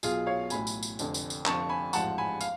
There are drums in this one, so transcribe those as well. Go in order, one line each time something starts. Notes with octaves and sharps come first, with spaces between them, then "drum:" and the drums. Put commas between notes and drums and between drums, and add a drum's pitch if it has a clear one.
B1 B2 F#3 F4 G#4, drum: tambourine
C#5 F5
A1 A2 F#3 G#5 B5, drum: tambourine
drum: tambourine
drum: tambourine
F1 F2 D3, drum: tambourine
drum: tambourine
drum: tambourine
F1 F2 D3 F3 A5 C#6, drum: clap
G#5 B5
A1 G#2 F3 F#5 A5, drum: tambourine
G#5 B5
F5, drum: tambourine